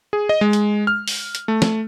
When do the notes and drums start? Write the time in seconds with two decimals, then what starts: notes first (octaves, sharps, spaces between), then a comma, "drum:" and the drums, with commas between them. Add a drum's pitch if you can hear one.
0.13 G#4
0.29 D#5
0.41 G#3
0.53 drum: hi-hat
0.87 F6
1.08 drum: open hi-hat
1.35 drum: hi-hat
1.48 A3
1.62 drum: snare